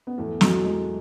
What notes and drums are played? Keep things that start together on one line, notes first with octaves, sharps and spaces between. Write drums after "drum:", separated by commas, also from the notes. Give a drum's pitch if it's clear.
B3
E2 A3
B2 F#3, drum: snare
E2 G#3